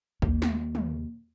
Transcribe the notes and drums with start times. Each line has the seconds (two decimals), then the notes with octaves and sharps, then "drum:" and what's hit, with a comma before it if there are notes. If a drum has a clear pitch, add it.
0.22 D#2, drum: kick
0.42 drum: snare
0.75 drum: tom